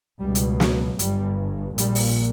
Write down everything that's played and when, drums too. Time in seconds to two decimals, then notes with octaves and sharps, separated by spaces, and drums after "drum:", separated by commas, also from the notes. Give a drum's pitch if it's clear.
0.20 C#2 B2 G3
0.35 drum: hi-hat
0.60 F#3, drum: snare
0.99 G1 G2 G3, drum: hi-hat
1.78 A#1 A#2 G3, drum: hi-hat
1.95 drum: open hi-hat